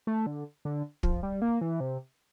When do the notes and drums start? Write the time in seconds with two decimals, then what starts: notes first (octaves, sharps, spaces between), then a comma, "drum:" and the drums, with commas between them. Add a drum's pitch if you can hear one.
0.07 A3
0.26 D3
0.65 D3
1.03 F3, drum: kick
1.23 G3
1.42 A#3
1.61 E3
1.80 C3